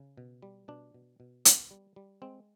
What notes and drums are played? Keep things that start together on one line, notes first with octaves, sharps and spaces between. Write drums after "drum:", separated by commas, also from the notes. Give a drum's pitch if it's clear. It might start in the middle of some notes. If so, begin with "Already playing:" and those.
Already playing: C#3
B2
G3
B2 D4
B2
B2
B3, drum: hi-hat
G3
G3
G#3 C4